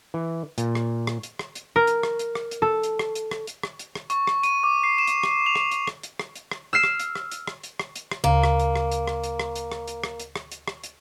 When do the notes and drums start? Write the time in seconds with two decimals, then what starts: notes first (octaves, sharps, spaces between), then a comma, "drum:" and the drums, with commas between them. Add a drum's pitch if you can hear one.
0.14 E3
0.58 A#2, drum: hi-hat
0.75 drum: rim click
1.07 drum: rim click
1.23 drum: hi-hat
1.39 drum: rim click
1.55 drum: hi-hat
1.76 A#4
1.87 drum: hi-hat
2.03 drum: rim click
2.19 drum: hi-hat
2.35 drum: rim click
2.51 drum: hi-hat
2.62 A4
2.83 drum: hi-hat
2.99 drum: rim click
3.15 drum: hi-hat
3.31 drum: rim click
3.47 drum: hi-hat
3.63 drum: rim click
3.79 drum: hi-hat
3.95 drum: rim click
4.10 C#6, drum: hi-hat
4.27 drum: rim click
4.43 D#7, drum: hi-hat
4.64 D6
4.84 C7
4.98 E7
5.07 drum: hi-hat
5.23 drum: rim click
5.46 F7
5.55 drum: rim click
5.71 drum: hi-hat
5.87 drum: rim click
6.03 drum: hi-hat
6.19 drum: rim click
6.35 drum: hi-hat
6.51 drum: rim click
6.73 E6 F6 C7 E7
6.83 drum: rim click
6.99 drum: hi-hat
7.15 drum: rim click
7.31 drum: hi-hat
7.47 drum: rim click
7.63 drum: hi-hat
7.79 drum: rim click
7.95 drum: hi-hat
8.12 drum: rim click
8.24 D2 C#3 A#3
8.44 drum: rim click
8.60 drum: hi-hat
8.76 drum: rim click
8.92 drum: hi-hat
9.08 drum: rim click
9.24 drum: hi-hat
9.40 drum: rim click
9.56 drum: hi-hat
9.72 drum: rim click
9.88 drum: hi-hat
10.04 drum: rim click
10.20 drum: hi-hat
10.36 drum: rim click
10.52 drum: hi-hat
10.68 drum: rim click
10.84 drum: hi-hat